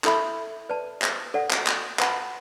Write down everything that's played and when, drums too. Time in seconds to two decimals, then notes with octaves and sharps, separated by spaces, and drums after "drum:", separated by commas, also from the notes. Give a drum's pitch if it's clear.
0.04 E4 A4 E5 B5, drum: clap
0.70 B4 D5 A5
1.02 drum: clap
1.34 A4 D5 F#5
1.51 drum: clap
1.67 drum: clap
1.99 B4 F#5 B5, drum: clap